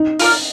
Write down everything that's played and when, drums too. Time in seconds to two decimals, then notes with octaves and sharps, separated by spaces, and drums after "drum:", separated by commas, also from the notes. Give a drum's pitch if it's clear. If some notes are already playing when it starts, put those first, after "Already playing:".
Already playing: D#4
0.19 F4 A#4 D5, drum: open hi-hat